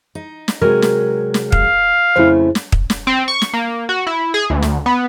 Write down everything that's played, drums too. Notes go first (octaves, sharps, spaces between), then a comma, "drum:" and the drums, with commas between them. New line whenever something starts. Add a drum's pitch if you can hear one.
D#4
drum: snare
C3 F#3 G#3 A#4
drum: snare
drum: snare
F5, drum: kick
F2 C#3 A3 E4 C5
drum: snare
drum: kick
drum: snare
C4
C#6
drum: snare
A#3
F#4
E4
G#4
D2
drum: snare
B3